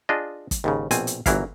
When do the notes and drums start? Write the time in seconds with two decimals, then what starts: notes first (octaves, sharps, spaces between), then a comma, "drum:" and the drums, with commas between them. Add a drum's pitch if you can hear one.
0.09 D4 F4 G#4 D#5
0.51 drum: kick, hi-hat
0.64 D#2 G#2 C#3
0.91 A#1 B2 C4 G#5, drum: hi-hat
1.07 drum: hi-hat
1.26 G1 E3 F#3 E4 A#4 F5, drum: kick, hi-hat